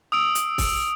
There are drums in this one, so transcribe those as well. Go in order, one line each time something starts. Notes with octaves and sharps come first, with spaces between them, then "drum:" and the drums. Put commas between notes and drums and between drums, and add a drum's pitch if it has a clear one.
D#6 E6 D7
drum: hi-hat
drum: kick, open hi-hat